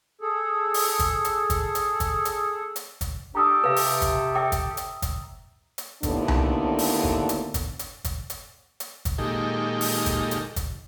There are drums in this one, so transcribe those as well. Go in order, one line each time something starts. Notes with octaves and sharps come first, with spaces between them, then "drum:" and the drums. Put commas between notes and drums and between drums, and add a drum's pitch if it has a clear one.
G#4 A4
drum: open hi-hat
drum: kick, hi-hat
drum: hi-hat
drum: kick, hi-hat
drum: hi-hat
drum: kick, hi-hat
drum: hi-hat
drum: hi-hat
drum: kick, hi-hat
D4 G4 A4 A#5 D#6 E6
C3 B4 F5
drum: open hi-hat
drum: kick, hi-hat
E5 G5 D6
drum: kick, hi-hat
drum: hi-hat
drum: kick, hi-hat
drum: hi-hat
D#2 A2 D3 B3 D4, drum: kick, hi-hat
drum: tom C2
drum: open hi-hat
drum: kick
drum: hi-hat
drum: kick, hi-hat
drum: hi-hat
drum: kick, hi-hat
drum: hi-hat
drum: hi-hat
drum: kick, hi-hat
A#2 D#3 G#3 D#4 G4 A4
drum: open hi-hat
drum: kick, hi-hat
drum: hi-hat
drum: kick, hi-hat